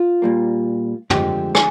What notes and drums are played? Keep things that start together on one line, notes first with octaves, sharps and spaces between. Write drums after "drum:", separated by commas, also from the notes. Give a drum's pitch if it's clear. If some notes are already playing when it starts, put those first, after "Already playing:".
Already playing: F4
A#2 G3 A#3
D2 D3 F3 G#3 C4 G4, drum: tom
G#4, drum: rim click